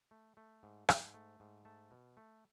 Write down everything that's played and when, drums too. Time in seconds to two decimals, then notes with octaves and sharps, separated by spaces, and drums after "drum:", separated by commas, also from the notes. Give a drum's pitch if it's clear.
0.11 A3
0.37 A3
0.63 G#2
0.89 G#2, drum: rim click
1.14 A3
1.40 G#2
1.65 A3 A5
1.91 B2
2.17 A3